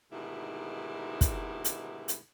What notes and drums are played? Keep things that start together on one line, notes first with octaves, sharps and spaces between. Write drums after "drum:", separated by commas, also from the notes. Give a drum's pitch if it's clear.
D2 G#2 B2 D#3 E4 G4
drum: kick, hi-hat
drum: hi-hat
drum: hi-hat